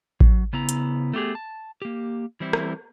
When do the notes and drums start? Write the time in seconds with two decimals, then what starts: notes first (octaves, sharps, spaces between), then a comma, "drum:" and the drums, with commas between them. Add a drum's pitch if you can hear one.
0.20 F#3, drum: kick A1
0.53 C#3 B3 E4 A#5
0.69 drum: hi-hat
1.14 A3 B3 G4 G#4
1.35 A5
1.82 A#3 G4
2.40 E3 G3 C4 E4
2.53 drum: rim click